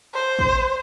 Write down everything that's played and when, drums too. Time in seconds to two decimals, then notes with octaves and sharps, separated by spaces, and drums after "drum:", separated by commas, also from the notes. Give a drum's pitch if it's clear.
0.14 C5
0.39 drum: kick